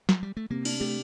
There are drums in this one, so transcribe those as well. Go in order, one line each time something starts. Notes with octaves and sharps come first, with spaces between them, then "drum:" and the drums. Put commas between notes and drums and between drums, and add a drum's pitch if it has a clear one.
F#3, drum: snare
G3
A3
C3 A#3
D4, drum: cymbal
A3 G4